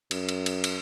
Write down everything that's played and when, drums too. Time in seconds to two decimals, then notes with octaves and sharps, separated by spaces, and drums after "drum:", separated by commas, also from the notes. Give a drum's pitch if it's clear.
0.11 F#2, drum: cymbal
0.29 drum: cymbal
0.46 drum: cymbal
0.64 drum: cymbal